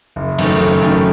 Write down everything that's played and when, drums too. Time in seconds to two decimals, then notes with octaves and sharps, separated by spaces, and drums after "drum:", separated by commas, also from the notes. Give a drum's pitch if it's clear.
0.16 F#1
0.39 F#2 D#3 A3, drum: cymbal
0.60 F#1
0.82 F#2 D#3 A3